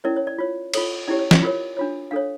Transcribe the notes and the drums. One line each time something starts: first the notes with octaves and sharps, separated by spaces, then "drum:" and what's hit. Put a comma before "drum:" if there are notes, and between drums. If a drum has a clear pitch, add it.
C#4 E4 A#4 C#5 D5
C#5
D5
F4 C#5
F4 A4 C#5, drum: cymbal
C#4 E4 G4 C#5 D5
C#5
D5, drum: snare
F4 A#4 C#5
D4 F4 C#5
D4 A4 C#5 F5